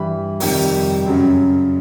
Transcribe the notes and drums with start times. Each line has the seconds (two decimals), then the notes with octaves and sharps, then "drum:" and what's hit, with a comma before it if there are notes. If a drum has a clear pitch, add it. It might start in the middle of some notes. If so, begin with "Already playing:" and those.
Already playing: G2 E3 G3 B5
0.40 F2 C3 D#3 G3, drum: open hi-hat
1.06 F#2 C#3 F#3